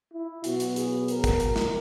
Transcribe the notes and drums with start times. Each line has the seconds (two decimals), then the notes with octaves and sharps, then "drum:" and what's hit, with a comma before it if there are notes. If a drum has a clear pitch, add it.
0.12 E4
0.44 B2 F#3 B3 F#4, drum: hi-hat
0.60 drum: hi-hat
0.76 G#4, drum: hi-hat
1.08 A#4, drum: hi-hat
1.24 drum: kick, hi-hat
1.40 drum: hi-hat
1.56 drum: snare